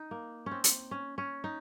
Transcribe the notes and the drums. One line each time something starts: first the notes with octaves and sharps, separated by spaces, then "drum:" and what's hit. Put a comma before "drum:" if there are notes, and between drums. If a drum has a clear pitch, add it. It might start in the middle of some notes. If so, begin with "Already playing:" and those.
Already playing: D#4
A#3
C#4
C4
drum: hi-hat
C#4
C#4
D#4